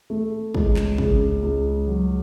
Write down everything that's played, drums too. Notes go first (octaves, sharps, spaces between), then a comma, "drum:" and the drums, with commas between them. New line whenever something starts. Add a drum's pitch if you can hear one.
A3
C#2, drum: kick
drum: clap
C#3, drum: kick
C#2
F#3